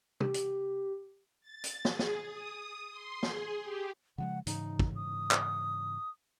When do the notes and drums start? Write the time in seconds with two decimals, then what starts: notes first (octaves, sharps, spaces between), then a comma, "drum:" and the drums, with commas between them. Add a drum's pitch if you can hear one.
0.20 G4, drum: tom
0.34 drum: hi-hat
1.41 A6
1.64 drum: hi-hat
1.85 G#4, drum: snare
1.99 drum: snare
2.22 D#6
2.52 D#6
2.91 C6
3.23 G#4, drum: snare
3.61 G4
4.18 C#3 F3 G#3 F#5
4.47 G#2 C#3 E3 D#4, drum: hi-hat
4.79 drum: kick
4.95 D#6
5.31 drum: clap